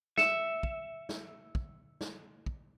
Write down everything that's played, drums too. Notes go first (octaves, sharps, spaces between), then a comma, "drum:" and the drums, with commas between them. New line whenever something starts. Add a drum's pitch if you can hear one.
E5 C#7 E7, drum: snare
drum: kick
drum: snare
drum: kick
drum: snare
drum: kick